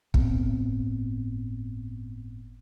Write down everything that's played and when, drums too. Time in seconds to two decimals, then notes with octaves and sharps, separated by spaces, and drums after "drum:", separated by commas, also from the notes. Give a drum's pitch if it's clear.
0.14 G1 A2 B3 C4, drum: kick